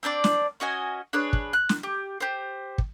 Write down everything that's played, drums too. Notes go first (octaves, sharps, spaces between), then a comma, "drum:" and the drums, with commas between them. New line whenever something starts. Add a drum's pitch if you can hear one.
C4 D4 C5 D5
drum: snare
C#4 F#4 D#5 G#5
D4 G#4 B4 C#5
drum: kick
F#6
drum: snare
G4
G4 C5
drum: kick